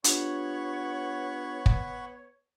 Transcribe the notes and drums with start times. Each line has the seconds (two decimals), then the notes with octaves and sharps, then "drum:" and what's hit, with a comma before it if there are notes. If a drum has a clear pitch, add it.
0.04 B3 D4 F4 G4 C#5 F#5 B5 C#6, drum: hi-hat
1.66 drum: kick